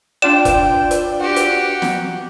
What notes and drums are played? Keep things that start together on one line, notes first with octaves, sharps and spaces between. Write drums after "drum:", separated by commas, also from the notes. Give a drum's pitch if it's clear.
D4 F4 D5 G5 E7
drum: kick F1, hi-hat
drum: hi-hat
F#4 G4 F#5
drum: hi-hat
drum: snare